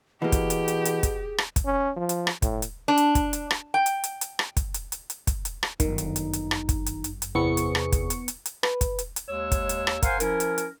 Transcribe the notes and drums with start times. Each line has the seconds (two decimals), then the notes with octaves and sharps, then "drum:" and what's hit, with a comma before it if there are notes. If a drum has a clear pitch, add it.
0.22 B2 E3 A#3 G4 G#4
0.32 drum: kick, hi-hat
0.50 drum: hi-hat
0.68 drum: hi-hat
0.85 drum: hi-hat
1.03 drum: kick, hi-hat
1.38 drum: rim click
1.56 drum: kick, hi-hat
1.66 C#4
1.96 F3
2.09 drum: hi-hat
2.27 drum: rim click
2.42 A2, drum: kick, hi-hat
2.62 drum: hi-hat
2.88 D4
2.97 drum: hi-hat
3.15 drum: kick, hi-hat
3.33 drum: hi-hat
3.51 drum: rim click
3.74 G5
3.86 drum: hi-hat
4.04 drum: hi-hat
4.21 drum: hi-hat
4.39 drum: rim click
4.57 drum: kick, hi-hat
4.74 drum: hi-hat
4.92 drum: hi-hat
5.10 drum: hi-hat
5.27 drum: kick, hi-hat
5.45 drum: hi-hat
5.63 drum: rim click
5.80 G1 F#2 D#3 D#4, drum: kick, hi-hat
5.98 drum: hi-hat
6.16 drum: hi-hat
6.33 drum: hi-hat
6.51 drum: rim click
6.69 drum: kick, hi-hat
6.86 drum: hi-hat
7.04 drum: hi-hat
7.22 drum: hi-hat
7.35 E2 C3 B3 E4 G#4 C#6 C#7
7.57 drum: hi-hat
7.75 drum: rim click
7.92 drum: kick, hi-hat
8.10 drum: hi-hat
8.28 drum: hi-hat
8.45 drum: hi-hat
8.63 B4, drum: rim click
8.81 drum: kick, hi-hat
8.99 drum: hi-hat
9.16 drum: hi-hat
9.28 D#2 G#3 C#5 E6
9.52 drum: kick, hi-hat
9.69 drum: hi-hat
9.87 drum: rim click
10.03 A#4 C5 F5 F#5 G#5 C6, drum: kick, hi-hat
10.20 F3 C#4 E4 A#4, drum: hi-hat
10.40 drum: hi-hat
10.58 drum: hi-hat